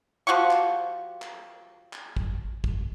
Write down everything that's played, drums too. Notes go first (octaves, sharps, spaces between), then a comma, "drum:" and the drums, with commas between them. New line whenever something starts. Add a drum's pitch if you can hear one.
F3 F#4 G4 C#6
drum: clap
drum: clap
drum: clap
drum: kick
drum: kick